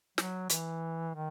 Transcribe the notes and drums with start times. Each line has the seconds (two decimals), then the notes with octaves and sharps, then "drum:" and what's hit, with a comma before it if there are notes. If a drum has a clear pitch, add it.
0.18 F#3, drum: snare
0.49 E3, drum: hi-hat
1.14 D#3